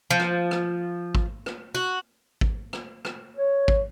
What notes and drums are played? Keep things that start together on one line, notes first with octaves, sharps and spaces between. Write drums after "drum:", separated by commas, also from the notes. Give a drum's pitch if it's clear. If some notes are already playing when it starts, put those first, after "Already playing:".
F3
drum: rim click
drum: rim click
drum: kick G#1
drum: rim click
F#4
drum: kick G#1
drum: rim click
drum: rim click
C#5
drum: kick G#1